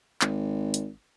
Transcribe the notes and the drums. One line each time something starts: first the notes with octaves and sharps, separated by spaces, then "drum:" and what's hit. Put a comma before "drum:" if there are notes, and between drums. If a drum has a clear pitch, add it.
G#1, drum: clap
drum: hi-hat